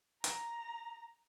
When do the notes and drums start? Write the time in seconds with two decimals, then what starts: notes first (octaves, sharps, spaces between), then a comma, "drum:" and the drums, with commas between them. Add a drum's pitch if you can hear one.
0.24 A#5, drum: hi-hat